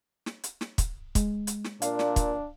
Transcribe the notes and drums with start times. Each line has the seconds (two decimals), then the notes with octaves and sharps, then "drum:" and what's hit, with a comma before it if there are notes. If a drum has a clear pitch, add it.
0.26 drum: snare
0.44 drum: hi-hat
0.61 drum: snare
0.78 drum: kick, hi-hat
1.15 G#3, drum: kick, hi-hat
1.47 drum: hi-hat
1.64 drum: snare
1.82 A#2 D4 F5, drum: hi-hat
1.99 drum: snare
2.16 drum: kick, hi-hat